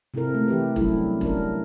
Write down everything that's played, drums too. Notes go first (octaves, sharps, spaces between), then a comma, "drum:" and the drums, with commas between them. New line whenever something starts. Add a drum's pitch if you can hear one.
C3 C4 E4 A4 A#4
A3 A#3
E3 G4 B4
F#3 G3 C#4 D4 E4 A4, drum: kick E1
C#4 D4 A#4, drum: kick E1